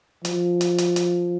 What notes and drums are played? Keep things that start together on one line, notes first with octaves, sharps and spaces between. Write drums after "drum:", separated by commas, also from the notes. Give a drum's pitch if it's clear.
F3, drum: hi-hat
drum: hi-hat
drum: hi-hat
drum: hi-hat